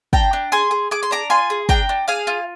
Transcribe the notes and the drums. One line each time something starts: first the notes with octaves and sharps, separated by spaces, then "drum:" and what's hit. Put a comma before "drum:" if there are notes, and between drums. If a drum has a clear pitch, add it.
D4 G5 A#5, drum: kick
D4
G#4 G#5 C6
G#4
G#4 D6
C6
D4 A#5 D6
F4 G#5 C6
G#4
D4 G5 A#5, drum: kick
D4
G#4 F5 G#5
F4